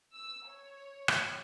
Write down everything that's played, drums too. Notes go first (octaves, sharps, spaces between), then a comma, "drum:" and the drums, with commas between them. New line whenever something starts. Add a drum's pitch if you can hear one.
E6
C#5
drum: rim click